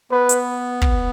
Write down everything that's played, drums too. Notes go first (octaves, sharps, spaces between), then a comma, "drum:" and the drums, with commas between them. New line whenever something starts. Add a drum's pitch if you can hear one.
B3 B4
drum: hi-hat
drum: kick